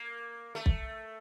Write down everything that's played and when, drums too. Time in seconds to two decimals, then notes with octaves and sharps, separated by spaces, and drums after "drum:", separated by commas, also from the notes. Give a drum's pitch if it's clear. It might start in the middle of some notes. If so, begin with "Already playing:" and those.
Already playing: A#3
0.55 A3
0.66 drum: kick